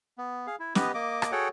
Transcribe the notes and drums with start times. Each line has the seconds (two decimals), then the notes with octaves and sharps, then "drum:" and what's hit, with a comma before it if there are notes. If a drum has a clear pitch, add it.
0.18 B3
0.47 G#4 F5
0.59 E4
0.75 B3 G4 B4 D#5, drum: snare
0.94 A#3 D#5 D6
1.22 drum: rim click
1.32 F#4 G#4 A4 C#5 F#5 G5